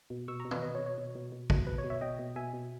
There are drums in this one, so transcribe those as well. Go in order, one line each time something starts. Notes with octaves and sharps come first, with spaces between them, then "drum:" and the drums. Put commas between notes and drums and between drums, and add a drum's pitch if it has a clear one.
B2
B2 C#6 E6
A#5 C#6
B2
B4 D#5, drum: tom
B2 B4 D#5
C#5
B2
C#5
B2
B2
B2
B2, drum: kick
B2 B4
C#5
B2
C#5 E5
B2 D#5 G5
B2
B2 E5 G#5
B2